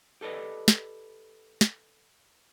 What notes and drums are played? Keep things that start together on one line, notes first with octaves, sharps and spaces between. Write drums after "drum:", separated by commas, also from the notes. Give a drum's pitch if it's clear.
G4 A4 B4 D5 D#5
drum: snare
drum: snare